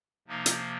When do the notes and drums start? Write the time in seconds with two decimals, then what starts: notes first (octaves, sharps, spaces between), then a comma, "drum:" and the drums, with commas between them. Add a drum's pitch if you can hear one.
0.28 C3 F3 A#3 D#4
0.46 drum: hi-hat